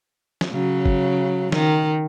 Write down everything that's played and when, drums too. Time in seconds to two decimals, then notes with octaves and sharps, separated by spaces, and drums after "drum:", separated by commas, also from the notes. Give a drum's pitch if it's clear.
0.41 drum: snare
0.52 C#3 F#3
0.86 drum: kick G1
1.52 D#3, drum: snare